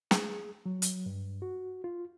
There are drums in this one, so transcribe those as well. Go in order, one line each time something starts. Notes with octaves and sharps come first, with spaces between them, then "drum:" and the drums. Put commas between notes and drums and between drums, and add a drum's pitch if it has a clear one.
G#4, drum: snare
F#3
drum: hi-hat
G2
F#4
F4